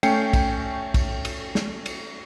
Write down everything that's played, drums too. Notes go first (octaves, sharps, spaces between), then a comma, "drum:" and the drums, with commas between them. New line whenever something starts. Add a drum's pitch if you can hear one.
A3 C#4 G5 C7 C#7, drum: cymbal
drum: kick, cymbal
drum: kick, cymbal
drum: cymbal
drum: snare
drum: cymbal